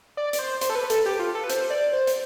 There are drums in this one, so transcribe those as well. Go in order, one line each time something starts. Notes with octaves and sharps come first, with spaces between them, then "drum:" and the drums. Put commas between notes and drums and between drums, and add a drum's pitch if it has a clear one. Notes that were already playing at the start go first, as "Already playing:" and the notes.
D5
D5, drum: hi-hat
C5
C5, drum: hi-hat
A4
B4
A4, drum: hi-hat
G4
F4
A4
B4
C5, drum: hi-hat
D5
C5
drum: hi-hat